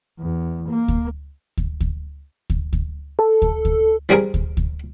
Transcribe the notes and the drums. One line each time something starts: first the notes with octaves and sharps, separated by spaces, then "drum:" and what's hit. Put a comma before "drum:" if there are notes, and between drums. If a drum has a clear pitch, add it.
E2
A#3
drum: kick D2
drum: kick D2
drum: kick D2
drum: kick D2
drum: kick D2
A4
drum: kick D2
drum: kick D2
E3 G3 C4 G#4 A#4
drum: kick D2
drum: kick D2